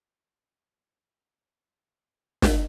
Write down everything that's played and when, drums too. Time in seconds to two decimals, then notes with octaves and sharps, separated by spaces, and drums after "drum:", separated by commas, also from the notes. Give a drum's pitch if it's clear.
0.23 F#2
1.33 C#3
2.42 drum: snare